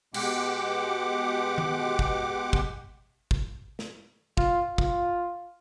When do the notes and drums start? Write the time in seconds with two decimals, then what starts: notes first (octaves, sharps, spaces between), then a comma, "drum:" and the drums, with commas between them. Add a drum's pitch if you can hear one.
0.14 B2 G#3 G4 F#5 D6, drum: cymbal
1.58 drum: tom D#3
1.99 drum: kick
2.53 drum: kick
3.31 drum: kick
3.79 drum: snare
4.37 F4, drum: kick
4.78 F4, drum: kick